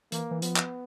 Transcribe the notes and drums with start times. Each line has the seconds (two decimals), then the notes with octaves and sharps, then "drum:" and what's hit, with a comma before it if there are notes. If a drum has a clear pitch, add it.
0.12 E3 A#3, drum: hi-hat
0.31 E3
0.42 F3 B3, drum: hi-hat
0.56 drum: clap